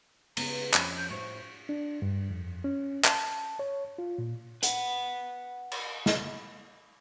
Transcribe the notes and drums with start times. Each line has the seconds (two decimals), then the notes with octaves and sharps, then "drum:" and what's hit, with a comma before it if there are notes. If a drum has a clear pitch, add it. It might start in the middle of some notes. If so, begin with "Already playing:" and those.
0.37 C#3 G#3 B3 A#5, drum: cymbal
0.74 F2 F3 C#4 B5, drum: clap
0.97 G6
1.10 A2 F#4 C5 C#6
1.69 D4
2.02 G2
2.30 F2
2.64 C#4
3.04 A5, drum: clap
3.59 C#5
3.98 F4
4.18 A#2
4.63 B4 F#5, drum: hi-hat
5.72 drum: cymbal
6.06 drum: snare